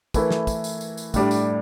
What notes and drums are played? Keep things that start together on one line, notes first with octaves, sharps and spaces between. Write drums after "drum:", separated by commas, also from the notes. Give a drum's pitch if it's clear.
E3 A3 E4 A#4, drum: kick, tambourine
drum: snare
drum: kick, tambourine
drum: tambourine
drum: tambourine
drum: tambourine
A2 G3 D4, drum: kick, tambourine
drum: tambourine